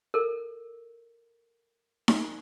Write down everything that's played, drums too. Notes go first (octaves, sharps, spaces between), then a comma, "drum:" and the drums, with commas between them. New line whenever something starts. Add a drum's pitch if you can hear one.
A4 A#4
drum: snare D#4